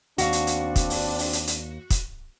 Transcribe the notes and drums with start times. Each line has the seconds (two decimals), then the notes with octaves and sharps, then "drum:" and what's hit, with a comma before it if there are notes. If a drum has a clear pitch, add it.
0.18 D#2 C4 D4 F#4 F5, drum: hi-hat
0.33 drum: hi-hat
0.47 drum: hi-hat
0.76 drum: kick, hi-hat
0.90 drum: open hi-hat
1.19 drum: open hi-hat
1.33 drum: hi-hat
1.47 drum: hi-hat
1.90 drum: kick, hi-hat